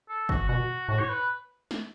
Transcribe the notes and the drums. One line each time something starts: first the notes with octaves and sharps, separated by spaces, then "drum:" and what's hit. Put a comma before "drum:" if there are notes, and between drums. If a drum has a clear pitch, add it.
A4
F#4, drum: kick
B2 F#4
A2 F#4
C#5
B4
drum: snare